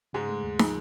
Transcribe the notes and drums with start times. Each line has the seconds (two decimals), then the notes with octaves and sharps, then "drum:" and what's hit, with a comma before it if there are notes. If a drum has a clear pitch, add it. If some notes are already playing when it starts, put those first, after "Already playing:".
0.13 G#2 C#3 G#3
0.29 A3
0.43 D#2
0.59 F3, drum: snare